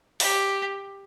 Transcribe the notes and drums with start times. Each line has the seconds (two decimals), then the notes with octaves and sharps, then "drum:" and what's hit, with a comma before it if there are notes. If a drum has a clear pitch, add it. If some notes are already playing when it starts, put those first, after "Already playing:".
0.20 G4, drum: open hi-hat